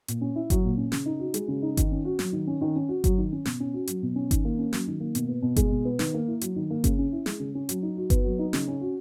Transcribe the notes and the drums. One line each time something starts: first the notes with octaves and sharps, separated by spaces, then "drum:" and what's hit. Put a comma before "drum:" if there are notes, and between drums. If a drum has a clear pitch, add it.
A#2, drum: hi-hat
C#4
E4
F#3, drum: kick G1, hi-hat
A#2
C#4
C#3, drum: snare
D#4
F#4
G#3, drum: hi-hat
C#3
D#4
D#3, drum: kick G1, hi-hat
C#4
F#4
F#3, drum: snare
D#3
C#4
D#3
C#4
F#4
F#3, drum: kick G1, hi-hat
D#3
C#4
B2, drum: snare
C#4
F#4
F#3, drum: hi-hat
B2
C#4
D#3, drum: kick G1, hi-hat
A#3
C#4
F#3, drum: snare
D#3
A#3
B2, drum: hi-hat
B3
B2
G#3, drum: kick G1, hi-hat
B2
B3
D#3, drum: snare
A#3
E4
F#3, drum: hi-hat
D#3
A#3
C#3, drum: kick G1, hi-hat
C#4
E4
G#3, drum: snare
C#3
C#4
F#3, drum: hi-hat
D#4
F#4
B3, drum: kick G1, hi-hat
F#3
D#4
C#3, drum: snare
C#4
F#4